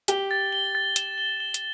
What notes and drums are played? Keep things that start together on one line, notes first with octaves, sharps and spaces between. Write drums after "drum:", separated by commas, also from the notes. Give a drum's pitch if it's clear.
G4 G7, drum: hi-hat
A6
G7
A6
E7, drum: hi-hat
G7
G7
drum: hi-hat